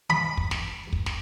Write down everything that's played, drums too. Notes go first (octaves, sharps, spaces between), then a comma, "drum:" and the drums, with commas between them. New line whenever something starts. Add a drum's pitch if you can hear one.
B5
drum: kick
drum: snare
drum: kick
drum: snare